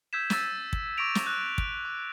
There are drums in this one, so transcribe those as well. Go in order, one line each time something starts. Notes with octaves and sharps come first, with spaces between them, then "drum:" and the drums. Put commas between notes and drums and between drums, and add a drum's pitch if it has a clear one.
E6 G6 G#6 B6 E7
E6 A6 B6 D#7, drum: snare
drum: kick
C#6 D6 A#6 D7 F7
drum: snare
E6 F#6 G6
drum: kick
D6